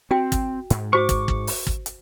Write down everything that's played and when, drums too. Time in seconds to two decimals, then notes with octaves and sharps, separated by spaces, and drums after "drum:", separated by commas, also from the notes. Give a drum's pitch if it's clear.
0.11 C4 F#4 G5
0.32 drum: kick, hi-hat
0.70 G#2, drum: hi-hat
0.93 F#4 C5 C#6 D6
1.09 drum: kick, hi-hat
1.28 drum: kick
1.47 drum: open hi-hat
1.67 drum: kick
1.86 drum: hi-hat